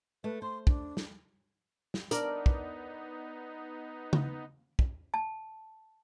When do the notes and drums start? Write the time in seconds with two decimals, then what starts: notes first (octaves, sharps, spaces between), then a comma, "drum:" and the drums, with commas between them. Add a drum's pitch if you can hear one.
0.24 A3 B4
0.42 C5 C6
0.67 D4, drum: kick
0.97 drum: snare
1.94 drum: snare
2.11 B3 D4 D#4 A#4 D5, drum: hi-hat
2.46 drum: kick
4.13 drum: tom C#3
4.79 drum: kick
5.14 A5